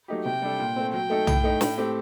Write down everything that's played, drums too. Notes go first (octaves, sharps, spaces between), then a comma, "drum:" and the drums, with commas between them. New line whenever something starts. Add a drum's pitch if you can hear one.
F#3 A3 D#4 G4
C3 G5
G3 D4 A4
A#2
A3 C4
F#3 G5
A3 D#4 A4
A2, drum: tom
A3 D#4
A2, drum: snare
A3 C4 G4